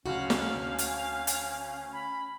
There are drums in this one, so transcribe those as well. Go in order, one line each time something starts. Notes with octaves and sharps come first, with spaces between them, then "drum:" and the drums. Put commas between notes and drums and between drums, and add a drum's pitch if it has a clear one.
F#1 D2 C#4 F#4 F5
drum: snare
D2
drum: hi-hat
drum: hi-hat
B5